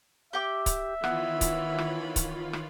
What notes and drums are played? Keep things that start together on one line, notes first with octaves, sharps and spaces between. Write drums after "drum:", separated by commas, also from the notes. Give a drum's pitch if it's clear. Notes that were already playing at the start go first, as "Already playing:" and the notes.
G4 E5 G5 D6
drum: kick C#1, hi-hat
D#3 E3 B3 F4 C#5 B5, drum: rim click
drum: kick C#1, hi-hat
drum: rim click
drum: kick C#1, hi-hat
drum: rim click